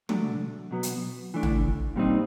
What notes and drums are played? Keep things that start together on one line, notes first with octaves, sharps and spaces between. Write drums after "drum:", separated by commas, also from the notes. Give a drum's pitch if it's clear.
F#3 A3 D4, drum: tom
B2 F#3 B3
drum: hi-hat
E3 A3 D4
drum: tom
A#2 G3 C4 D#4